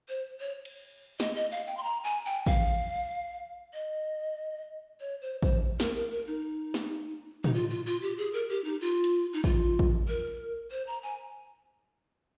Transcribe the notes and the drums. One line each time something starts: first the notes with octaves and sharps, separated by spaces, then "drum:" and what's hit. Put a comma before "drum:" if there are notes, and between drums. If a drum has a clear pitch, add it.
C5
C#5
drum: cymbal
D#5, drum: snare
D#5
F5
G5
C6
A#5
G#5
G5
F5, drum: kick A1
D#5
C#5
C5
C5, drum: kick A1
A#4, drum: snare
A#4
A#4
D#4
drum: snare
D#4, drum: tom
F4
F4
F4
G4
G#4
A#4
G4
D#4
F4
drum: hi-hat
D#4
F4, drum: kick A1
drum: kick A1
A#4
C5
A#5
G#5